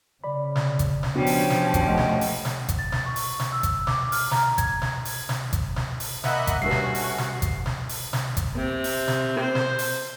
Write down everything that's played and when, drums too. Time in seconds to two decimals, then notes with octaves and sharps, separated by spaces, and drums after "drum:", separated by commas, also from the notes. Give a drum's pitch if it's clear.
0.24 C#3 D5 B5
0.55 drum: snare
0.79 drum: kick G1, hi-hat
1.03 drum: snare
1.15 F3 G3 B3 C#4 D4 F#4
1.26 drum: open hi-hat
1.50 drum: snare
1.74 drum: kick G1, hi-hat
1.87 A3 D#5 F#5
1.98 drum: snare
2.21 drum: open hi-hat
2.45 drum: snare
2.69 drum: kick G1, hi-hat
2.79 A6
2.92 drum: snare
3.06 C#6
3.16 drum: open hi-hat
3.40 drum: snare
3.52 E6
3.63 drum: kick G1, hi-hat
3.87 D6, drum: snare
4.12 F6, drum: open hi-hat
4.31 A#5, drum: snare
4.58 G#6, drum: kick G1, hi-hat
4.82 drum: snare
5.05 drum: open hi-hat
5.29 drum: snare
5.53 drum: kick G1, hi-hat
5.76 drum: snare
6.00 drum: open hi-hat
6.24 A#3 D#5 E5 F#5 B5, drum: snare
6.47 drum: kick G1, hi-hat
6.62 G2 G3 A3 C#4 F#4 B4 C7
6.71 drum: snare
6.95 drum: open hi-hat
7.18 drum: snare
7.42 drum: kick G1, hi-hat
7.66 drum: snare
7.89 drum: open hi-hat
8.13 drum: snare
8.37 drum: kick G1, hi-hat
8.55 C3
8.84 drum: open hi-hat
9.08 drum: snare
9.39 C5
9.55 drum: snare
9.79 drum: open hi-hat